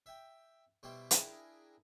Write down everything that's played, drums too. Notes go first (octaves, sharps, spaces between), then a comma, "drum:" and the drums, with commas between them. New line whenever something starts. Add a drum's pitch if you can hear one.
E5 G5
B2 G3 E4 C5 D5 G5
D4 E4 G#4 A#4 G5 A#5, drum: hi-hat